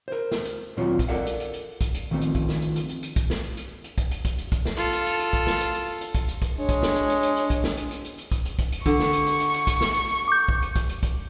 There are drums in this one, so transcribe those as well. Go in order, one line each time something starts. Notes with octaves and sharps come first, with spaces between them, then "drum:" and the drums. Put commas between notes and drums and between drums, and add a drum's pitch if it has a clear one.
A#4 C5
drum: snare
drum: hi-hat
D#2 A#2 F#3 C4 F4 C#5
drum: kick, hi-hat
A4 A#4 D5 F5 F#5
drum: hi-hat
drum: hi-hat
drum: hi-hat
drum: kick, hi-hat
drum: hi-hat
D#3 F3 A3 C4
drum: hi-hat
drum: kick, hi-hat
drum: snare
drum: hi-hat
drum: hi-hat
drum: hi-hat
drum: hi-hat
drum: kick, hi-hat
drum: snare
drum: hi-hat
drum: hi-hat
drum: hi-hat
drum: kick, hi-hat
drum: hi-hat
drum: kick, hi-hat
drum: hi-hat
drum: kick, hi-hat
drum: snare
F4 A4, drum: hi-hat
drum: hi-hat
drum: hi-hat
drum: hi-hat
drum: kick, hi-hat
drum: snare
drum: hi-hat
drum: hi-hat
drum: hi-hat
drum: kick, hi-hat
drum: hi-hat
drum: kick, hi-hat
G#3 D4 C#5
drum: kick, hi-hat
drum: snare
drum: hi-hat
drum: hi-hat
drum: hi-hat
drum: hi-hat
drum: kick, hi-hat
drum: snare
drum: hi-hat
drum: hi-hat
drum: hi-hat
drum: hi-hat
drum: kick, hi-hat
drum: hi-hat
drum: kick, hi-hat
drum: hi-hat
D3 C#6, drum: kick, hi-hat
drum: snare
drum: hi-hat
drum: hi-hat
drum: hi-hat
drum: hi-hat
drum: kick, hi-hat
drum: snare
drum: hi-hat
drum: hi-hat
D6 G6
drum: kick
drum: hi-hat
drum: kick, hi-hat
drum: hi-hat
drum: kick, hi-hat